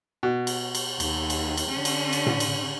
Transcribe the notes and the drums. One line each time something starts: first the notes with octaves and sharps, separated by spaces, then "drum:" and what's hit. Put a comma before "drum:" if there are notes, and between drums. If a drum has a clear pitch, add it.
B2
drum: cymbal
drum: cymbal
D#2, drum: cymbal
drum: cymbal
drum: cymbal
D3 C#4
drum: cymbal
drum: cymbal
drum: tom A2
drum: cymbal